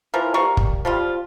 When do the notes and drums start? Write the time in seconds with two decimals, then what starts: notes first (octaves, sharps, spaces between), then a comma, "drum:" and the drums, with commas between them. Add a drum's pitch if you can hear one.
0.14 E3 F3 A#4
0.34 G3 A#3 A#5 C#6
0.57 drum: kick
0.85 F3 G3 F4